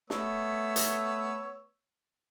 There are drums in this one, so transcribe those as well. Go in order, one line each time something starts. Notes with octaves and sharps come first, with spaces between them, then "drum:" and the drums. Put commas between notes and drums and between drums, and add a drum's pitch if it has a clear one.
A3 B3 C#5 E6, drum: snare
drum: hi-hat